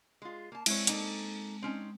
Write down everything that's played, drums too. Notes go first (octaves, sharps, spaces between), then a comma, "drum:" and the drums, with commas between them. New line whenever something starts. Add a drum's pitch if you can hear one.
G#3 F4
A#3 A5
G#3 C4 E4 C#5, drum: cymbal
A#3 D#4 A4, drum: hi-hat
C4 C#4 D#4